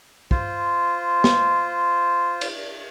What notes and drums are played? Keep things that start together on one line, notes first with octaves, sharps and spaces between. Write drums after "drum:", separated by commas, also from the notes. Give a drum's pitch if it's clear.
F4 C5, drum: kick
drum: snare
drum: cymbal